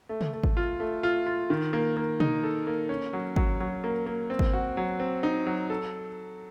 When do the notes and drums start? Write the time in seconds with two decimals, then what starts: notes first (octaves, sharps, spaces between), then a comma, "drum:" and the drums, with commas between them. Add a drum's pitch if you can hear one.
0.09 A3
0.21 drum: tom
0.33 A3
0.44 drum: kick G#1
0.57 F4
0.80 A3
1.03 F4
1.27 F4
1.50 D#3
1.73 A#3
1.97 A#3
2.20 D#4, drum: tom
2.44 A4
2.67 A#3
2.89 C#4
3.13 F#3
3.36 F#3, drum: kick G#1
3.60 F#3
3.84 A#3
4.06 A#3
4.30 C4
4.39 drum: kick G#1
4.53 F#4
4.77 F#3
5.00 C4
5.23 D#4
5.47 F#3
5.70 A4